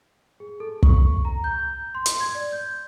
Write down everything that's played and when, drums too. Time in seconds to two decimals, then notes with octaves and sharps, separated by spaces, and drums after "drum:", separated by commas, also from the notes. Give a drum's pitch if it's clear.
0.40 G#4
0.60 A4
0.83 C#6, drum: kick
1.25 A#5
1.44 G6
1.95 C6
2.06 drum: hi-hat
2.21 G#6
2.35 D5
2.52 G6